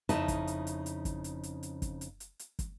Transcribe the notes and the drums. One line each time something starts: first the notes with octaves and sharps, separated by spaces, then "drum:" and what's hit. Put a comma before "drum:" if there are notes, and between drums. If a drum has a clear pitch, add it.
F2 C#3 D#4 E4 E5 A5, drum: hi-hat
drum: kick, hi-hat
drum: hi-hat
drum: hi-hat
drum: hi-hat
drum: kick, hi-hat
drum: hi-hat
drum: hi-hat
drum: hi-hat
drum: kick, hi-hat
drum: hi-hat
drum: hi-hat
drum: hi-hat
drum: kick, hi-hat